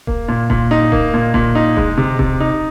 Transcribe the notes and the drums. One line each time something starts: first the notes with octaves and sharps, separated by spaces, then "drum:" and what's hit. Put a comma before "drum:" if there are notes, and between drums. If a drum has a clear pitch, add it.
A#3, drum: kick D#1
A#2
A#2, drum: kick D#1
D#4
A#3, drum: kick D#1
A#2
A#2, drum: kick D#1
D#4
G#3, drum: kick D#1
C3
C3, drum: kick D#1
D#4